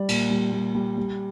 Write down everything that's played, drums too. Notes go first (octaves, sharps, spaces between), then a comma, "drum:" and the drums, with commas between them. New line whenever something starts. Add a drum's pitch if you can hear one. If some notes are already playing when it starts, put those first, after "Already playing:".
Already playing: G3 D5
A#2, drum: cymbal
G3
G3
G3
G3